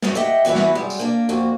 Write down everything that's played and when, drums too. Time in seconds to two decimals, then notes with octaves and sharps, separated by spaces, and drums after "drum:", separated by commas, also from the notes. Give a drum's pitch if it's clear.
0.02 F#2 F#3, drum: snare
0.15 G4 D#5 E5 F#5 G5
0.45 E2 E3 E4 F#4 B4
0.55 drum: snare
0.75 F#2 G3 G#3 F#5
0.90 drum: tambourine
0.99 A#3 D4
1.29 F2 A#3 F#4